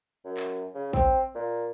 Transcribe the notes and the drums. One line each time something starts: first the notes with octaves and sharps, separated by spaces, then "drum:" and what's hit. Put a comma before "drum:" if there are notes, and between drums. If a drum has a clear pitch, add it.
F#2
drum: clap
C#3
C4, drum: kick
A#2